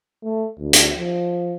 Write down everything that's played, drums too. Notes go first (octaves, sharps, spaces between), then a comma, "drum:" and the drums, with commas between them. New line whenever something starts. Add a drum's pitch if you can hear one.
A3
D2
drum: hi-hat
F3